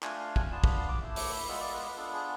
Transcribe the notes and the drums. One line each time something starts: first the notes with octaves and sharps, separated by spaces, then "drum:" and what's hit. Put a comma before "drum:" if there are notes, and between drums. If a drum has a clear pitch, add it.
A3 D4 F4 G#5, drum: clap
F5
G#5, drum: kick
B3 D4 F4 A5
B5, drum: kick
C6
D6
A3 E4
D6, drum: open hi-hat
B5
G#3 B3 F4 E5
D5
B4
B4
B3 D4 F4 A4
G#4